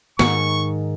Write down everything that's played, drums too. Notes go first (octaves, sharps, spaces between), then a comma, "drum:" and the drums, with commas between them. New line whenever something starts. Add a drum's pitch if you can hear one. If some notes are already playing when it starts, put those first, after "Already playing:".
G#2 D#3 C#6, drum: snare